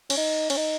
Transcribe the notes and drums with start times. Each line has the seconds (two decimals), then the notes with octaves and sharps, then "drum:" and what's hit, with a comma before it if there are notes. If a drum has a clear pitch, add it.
0.10 C#4, drum: cymbal
0.17 D#4
0.50 C#4, drum: cymbal
0.57 D#4